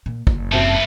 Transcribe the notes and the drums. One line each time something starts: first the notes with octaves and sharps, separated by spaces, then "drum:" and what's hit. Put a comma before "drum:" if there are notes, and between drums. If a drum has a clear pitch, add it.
A#2
F#1, drum: kick
F#2 A2 C3 C4 E5 A5
G#2 B3